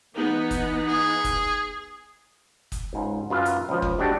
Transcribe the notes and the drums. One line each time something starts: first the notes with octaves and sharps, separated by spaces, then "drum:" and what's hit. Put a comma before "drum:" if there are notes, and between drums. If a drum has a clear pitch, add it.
E3 B3 D#4
drum: kick, hi-hat
G#4
drum: kick, hi-hat
drum: kick, hi-hat
C#2 G#2
F#2 F4 B4 E5 F5
drum: hi-hat
C#2 F3
drum: kick
G#3 A3 D4 F#4 G4 A4